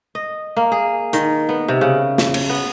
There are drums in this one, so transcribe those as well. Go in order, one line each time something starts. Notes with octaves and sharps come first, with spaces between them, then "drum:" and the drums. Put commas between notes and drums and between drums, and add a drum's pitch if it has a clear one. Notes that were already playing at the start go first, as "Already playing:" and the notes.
D#5
A#3
G#4
D#3, drum: hi-hat
B3
C3
C#3
drum: snare
drum: cymbal
B3